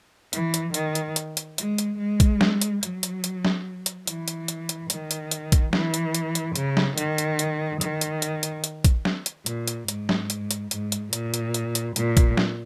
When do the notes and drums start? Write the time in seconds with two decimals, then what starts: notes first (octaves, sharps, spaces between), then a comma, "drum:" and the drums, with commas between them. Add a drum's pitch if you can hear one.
0.33 E3, drum: hi-hat
0.54 drum: hi-hat
0.74 D#3, drum: hi-hat
0.95 drum: hi-hat
1.16 drum: hi-hat
1.37 drum: hi-hat
1.58 G#3, drum: hi-hat
1.78 drum: hi-hat
1.99 G#3
2.20 drum: kick, hi-hat
2.41 drum: snare
2.61 drum: hi-hat
2.83 F#3, drum: hi-hat
3.03 drum: hi-hat
3.24 drum: hi-hat
3.45 drum: snare
3.86 drum: hi-hat
4.07 E3, drum: hi-hat
4.28 drum: hi-hat
4.48 drum: hi-hat
4.69 drum: hi-hat
4.90 D#3, drum: hi-hat
5.11 drum: hi-hat
5.31 drum: hi-hat
5.52 drum: kick, hi-hat
5.73 E3, drum: snare
5.94 drum: hi-hat
6.15 drum: hi-hat
6.35 drum: hi-hat
6.56 C#3, drum: hi-hat
6.77 drum: snare
6.98 D#3, drum: hi-hat
7.18 drum: hi-hat
7.39 drum: hi-hat
7.81 D#3, drum: hi-hat
8.01 drum: hi-hat
8.22 drum: hi-hat
8.43 drum: hi-hat
8.64 drum: hi-hat
8.84 drum: kick, hi-hat
9.05 drum: snare
9.26 drum: hi-hat
9.46 A#2, drum: hi-hat
9.68 drum: hi-hat
9.88 G#2, drum: hi-hat
10.09 drum: snare
10.30 drum: hi-hat
10.51 drum: hi-hat
10.71 G#2, drum: hi-hat
10.92 drum: hi-hat
11.13 A#2, drum: hi-hat
11.34 drum: hi-hat
11.54 drum: hi-hat
11.75 drum: hi-hat
11.96 A#2, drum: hi-hat
12.17 drum: kick, hi-hat
12.37 drum: snare